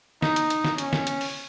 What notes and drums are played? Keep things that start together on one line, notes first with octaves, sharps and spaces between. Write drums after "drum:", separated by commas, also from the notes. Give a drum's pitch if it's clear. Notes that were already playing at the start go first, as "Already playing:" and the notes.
D#4, drum: snare
drum: hi-hat
drum: hi-hat
drum: snare
C#4, drum: hi-hat
drum: snare
drum: hi-hat
drum: open hi-hat